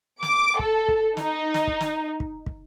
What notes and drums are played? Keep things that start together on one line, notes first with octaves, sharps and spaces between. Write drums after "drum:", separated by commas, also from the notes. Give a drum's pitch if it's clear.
D6, drum: snare
A4, drum: kick
drum: kick
D#4, drum: snare
drum: snare
drum: kick
drum: snare
drum: kick
drum: kick